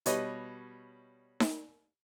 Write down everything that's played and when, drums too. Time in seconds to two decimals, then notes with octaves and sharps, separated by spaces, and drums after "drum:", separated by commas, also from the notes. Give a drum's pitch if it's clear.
0.06 B2 G3 B4 C#5 D#5, drum: hi-hat
1.40 drum: snare D#4